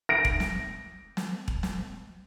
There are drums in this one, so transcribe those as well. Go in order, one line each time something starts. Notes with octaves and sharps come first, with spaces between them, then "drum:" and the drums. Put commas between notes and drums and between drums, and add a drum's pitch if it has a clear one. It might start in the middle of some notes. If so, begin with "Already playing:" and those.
A#6 D7
drum: kick E1
drum: snare
drum: snare
drum: kick E1
drum: snare